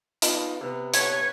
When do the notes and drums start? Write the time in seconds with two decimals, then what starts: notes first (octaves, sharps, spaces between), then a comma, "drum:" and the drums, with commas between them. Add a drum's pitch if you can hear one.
0.22 B3 D#4 F4, drum: hi-hat
0.61 C3 B3
0.94 B4 C#5 G#6, drum: hi-hat